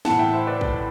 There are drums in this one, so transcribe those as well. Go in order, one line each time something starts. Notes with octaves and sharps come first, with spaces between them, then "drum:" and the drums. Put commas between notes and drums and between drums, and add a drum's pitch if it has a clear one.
A2 E3 F#5 A5, drum: snare
E5 G5
C5 E5
B4 D5
drum: kick